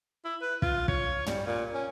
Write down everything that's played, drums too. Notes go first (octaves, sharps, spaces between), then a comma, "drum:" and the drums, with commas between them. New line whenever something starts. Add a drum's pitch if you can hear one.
E4
B4
F4, drum: kick
C#5, drum: kick
G3, drum: tom
A#2
C#4